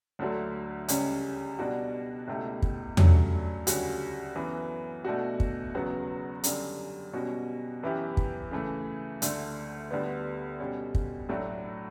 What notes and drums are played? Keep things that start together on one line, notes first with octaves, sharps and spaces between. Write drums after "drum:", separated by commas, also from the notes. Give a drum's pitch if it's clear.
D2 D3 F#3 A3
C#2 C#3 G3 C#4, drum: hi-hat
B2 G3 D4 F#4
C#2 B2 A3 E4 G4
drum: kick
G2 F#3 A3 C#4, drum: tom E2
D2 C#3 G3 C#4 F#4, drum: hi-hat
F#2 E3 B3
B2 A3 D4 F#4
drum: kick
E2 C#3 F#3 B3 F#4
F#2 D3 G3, drum: hi-hat
B2 G3 C#4 F#4
F#2 E3 B3 E4 G4
drum: kick
C#3 E3 A3
D2 D3 A3, drum: hi-hat
D2 D3 G3 B3
B2 G3 C#4
drum: kick
A2 F#3 A3 D4 F#4